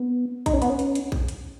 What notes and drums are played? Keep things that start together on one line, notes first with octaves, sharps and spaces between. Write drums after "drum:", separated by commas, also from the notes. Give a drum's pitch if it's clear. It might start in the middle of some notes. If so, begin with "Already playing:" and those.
Already playing: B3
D#4, drum: kick, hi-hat
C#4
B3, drum: hi-hat
C#4
drum: hi-hat
drum: hi-hat
drum: kick
drum: hi-hat